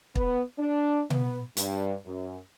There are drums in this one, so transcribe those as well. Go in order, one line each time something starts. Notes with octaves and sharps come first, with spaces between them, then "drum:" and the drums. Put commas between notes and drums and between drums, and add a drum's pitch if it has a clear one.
B3, drum: kick
D4
B3, drum: tom B2
G2, drum: hi-hat
F#2